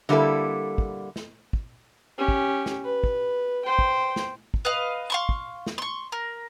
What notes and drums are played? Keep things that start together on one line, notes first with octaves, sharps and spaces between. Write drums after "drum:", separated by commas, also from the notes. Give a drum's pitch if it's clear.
D3 G3 A#3 D4 E4 A4
drum: kick
drum: snare
drum: kick
C#4 G4
drum: kick
drum: snare
B4
drum: kick
C5 G5
drum: kick
drum: snare
drum: kick
B4 D#5 F5
F5 C6 C#6
drum: kick
drum: snare
C6 C#6
A#4